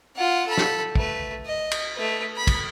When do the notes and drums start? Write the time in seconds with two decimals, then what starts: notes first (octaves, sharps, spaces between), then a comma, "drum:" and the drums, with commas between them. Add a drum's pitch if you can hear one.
0.16 F4 F#5
0.47 A4 B5
0.58 drum: snare
0.95 A3 B4, drum: kick
1.46 D#5
1.71 drum: cymbal
1.96 A3 B4
2.36 B5
2.47 drum: kick, cymbal